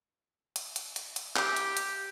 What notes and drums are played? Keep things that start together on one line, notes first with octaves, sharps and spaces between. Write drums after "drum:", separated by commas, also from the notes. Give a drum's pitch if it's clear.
drum: hi-hat
drum: hi-hat
drum: hi-hat
drum: hi-hat
G4, drum: clap
drum: hi-hat
drum: hi-hat